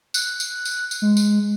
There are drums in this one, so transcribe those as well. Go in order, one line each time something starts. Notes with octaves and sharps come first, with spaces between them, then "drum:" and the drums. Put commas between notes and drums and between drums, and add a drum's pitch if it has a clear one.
F#6, drum: tambourine
drum: tambourine
drum: tambourine
drum: tambourine
G#3
drum: tambourine